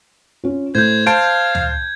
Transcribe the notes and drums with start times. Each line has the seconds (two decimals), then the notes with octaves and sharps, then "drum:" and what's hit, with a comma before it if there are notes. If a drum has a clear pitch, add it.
0.44 C#4 F4
0.75 A2 C5 G6 G#6
1.07 C5 F5 A5 D7
1.55 drum: tom